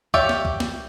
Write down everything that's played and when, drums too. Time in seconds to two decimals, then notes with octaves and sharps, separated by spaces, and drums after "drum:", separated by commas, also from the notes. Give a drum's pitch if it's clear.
0.14 G4 C#5 D5 E5 F5, drum: kick C2
0.29 drum: snare
0.45 drum: kick C2
0.60 drum: snare